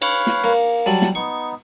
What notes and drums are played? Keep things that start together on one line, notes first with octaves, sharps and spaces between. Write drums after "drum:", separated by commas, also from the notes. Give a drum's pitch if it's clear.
B4 C#5 F5, drum: cymbal
drum: snare
A#3
F#3 G3 A5
drum: snare
B3 D#4 C#6